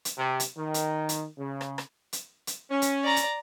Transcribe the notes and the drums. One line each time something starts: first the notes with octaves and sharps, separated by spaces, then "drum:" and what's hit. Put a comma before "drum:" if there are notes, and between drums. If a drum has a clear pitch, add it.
drum: hi-hat
C3
drum: hi-hat
D#3
drum: hi-hat
drum: hi-hat
C#3
drum: rim click
drum: rim click
drum: hi-hat
drum: hi-hat
C#4
drum: hi-hat
D5 A#5
drum: hi-hat